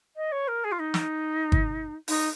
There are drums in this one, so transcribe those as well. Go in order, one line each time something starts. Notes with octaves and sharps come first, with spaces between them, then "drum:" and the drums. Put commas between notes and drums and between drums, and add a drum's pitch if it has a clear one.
D#5
C#5
A#4
G#4
F4
D#4
drum: snare
drum: kick
D#4, drum: open hi-hat